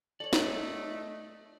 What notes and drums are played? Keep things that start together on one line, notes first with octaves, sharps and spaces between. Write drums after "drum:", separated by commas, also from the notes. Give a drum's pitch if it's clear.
A4 C#5 D5
A3 D#5, drum: snare